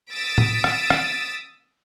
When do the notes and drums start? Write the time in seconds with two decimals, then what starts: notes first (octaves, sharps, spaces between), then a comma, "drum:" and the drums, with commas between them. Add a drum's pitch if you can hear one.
0.11 D#6 E6 A6 B6 D7
0.38 drum: tom A2
0.64 drum: rim click
0.90 drum: rim click